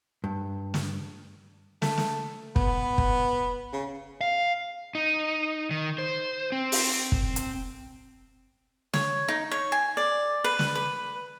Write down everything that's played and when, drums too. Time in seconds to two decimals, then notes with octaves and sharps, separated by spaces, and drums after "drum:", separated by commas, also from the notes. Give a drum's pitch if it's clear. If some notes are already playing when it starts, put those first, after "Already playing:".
0.24 G2
0.74 drum: snare
1.82 A3, drum: snare
1.98 drum: snare
2.56 B3, drum: kick
2.98 drum: kick
3.73 C#3
4.21 F5
4.95 D#4
5.71 D#3
5.98 C5
6.52 C4
6.72 drum: open hi-hat
7.12 drum: kick
7.36 drum: hi-hat
8.94 C#5, drum: snare
9.28 D#4
9.52 C#5
9.72 G#5
9.97 D5
10.44 B4
10.59 drum: snare
10.75 B4